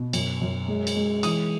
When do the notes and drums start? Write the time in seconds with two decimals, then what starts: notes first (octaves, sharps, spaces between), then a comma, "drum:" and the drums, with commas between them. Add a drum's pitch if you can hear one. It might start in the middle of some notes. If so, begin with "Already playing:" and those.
Already playing: B2
0.13 F#2, drum: cymbal
0.41 F#2
0.68 G#3
0.87 drum: cymbal
0.96 G#3
1.23 E3 D#6, drum: cymbal